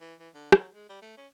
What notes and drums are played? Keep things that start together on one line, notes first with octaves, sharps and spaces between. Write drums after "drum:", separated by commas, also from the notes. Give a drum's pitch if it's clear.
E3
E3
D3
F#3, drum: rim click
G#3
G3
A3
C#4